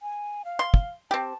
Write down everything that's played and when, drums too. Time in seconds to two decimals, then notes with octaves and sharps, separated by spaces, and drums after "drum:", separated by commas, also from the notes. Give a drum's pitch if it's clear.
0.02 G#5
0.45 F5
0.59 C6
0.74 drum: kick
1.11 C4 G4 A5